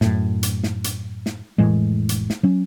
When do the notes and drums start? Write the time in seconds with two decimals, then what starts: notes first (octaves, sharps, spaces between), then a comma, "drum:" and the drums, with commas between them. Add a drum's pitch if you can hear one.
0.01 F#2 A2, drum: snare
0.43 drum: hi-hat
0.63 drum: snare
0.84 drum: hi-hat
1.26 drum: snare
1.58 F1 A2 E3 G#3
2.09 drum: hi-hat
2.30 drum: snare
2.43 F#3 C#4